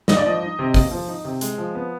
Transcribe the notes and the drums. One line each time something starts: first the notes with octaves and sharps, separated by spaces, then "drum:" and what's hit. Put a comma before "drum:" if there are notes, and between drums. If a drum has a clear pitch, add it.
A#3 D#5, drum: snare
D5
F3 D#5
D#4
C3
A#3, drum: kick, open hi-hat
F3
D#4
C3
G#3, drum: hi-hat
F3
B3